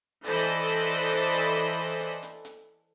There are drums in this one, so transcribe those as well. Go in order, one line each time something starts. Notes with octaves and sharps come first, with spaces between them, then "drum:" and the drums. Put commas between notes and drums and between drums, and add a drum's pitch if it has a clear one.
E3 A4 C5 D5 D#5 B5, drum: hi-hat
drum: hi-hat
drum: hi-hat
drum: hi-hat
drum: hi-hat
drum: hi-hat
drum: hi-hat
drum: hi-hat
drum: hi-hat